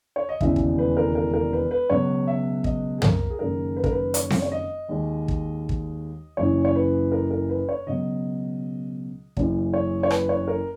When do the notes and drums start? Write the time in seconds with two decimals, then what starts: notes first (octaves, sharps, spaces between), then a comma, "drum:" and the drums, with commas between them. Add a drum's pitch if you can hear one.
0.16 C#5
0.29 D#5
0.41 E1 D#2 C#3 E3 G#3 E5, drum: kick
0.56 drum: kick
0.78 B4
0.97 A#4
1.15 A#4
1.34 A#4
1.53 B4
1.71 B4
1.90 C#2 B2 F#3 C#5
2.27 E5
2.64 D#5, drum: kick
2.98 G#4
3.02 A#4, drum: tom
3.30 G#4
3.39 F#1 F#2 D#3 G#3 A#4
3.76 B4
3.84 A#4, drum: kick
3.92 B4
4.14 C#5, drum: hi-hat
4.30 drum: snare C4
4.42 C#5
4.52 D#5
4.89 D#2 D#3 G#3
5.28 drum: kick
5.69 drum: kick
6.37 F#1 F#2 C#3 E3 C#5
6.65 C#5
6.75 B4
7.12 A#4
7.31 A#4
7.49 B4
7.69 C#5
7.86 C#2 B2 F#3 D#5
9.37 F#1 F#2 C#3 E3, drum: kick
9.74 C#5
10.03 C#5
10.11 B4, drum: rim click
10.29 C#5
10.48 A#4